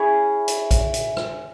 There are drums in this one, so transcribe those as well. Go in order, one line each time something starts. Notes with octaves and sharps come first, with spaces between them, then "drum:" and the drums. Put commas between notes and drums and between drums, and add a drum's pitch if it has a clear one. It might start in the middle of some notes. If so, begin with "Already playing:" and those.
Already playing: C#4 E4 G#4
drum: hi-hat
drum: kick A#1, hi-hat
drum: hi-hat
drum: rim click